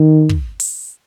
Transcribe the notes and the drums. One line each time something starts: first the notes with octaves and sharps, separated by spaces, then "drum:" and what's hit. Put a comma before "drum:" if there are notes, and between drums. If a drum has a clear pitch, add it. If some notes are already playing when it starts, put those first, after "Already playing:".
Already playing: D#3
drum: kick
drum: open hi-hat